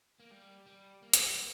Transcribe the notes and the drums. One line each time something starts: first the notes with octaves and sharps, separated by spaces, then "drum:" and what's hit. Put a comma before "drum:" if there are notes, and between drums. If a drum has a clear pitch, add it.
A#3
G3
G3
A#3
G3, drum: hi-hat
G3
A#3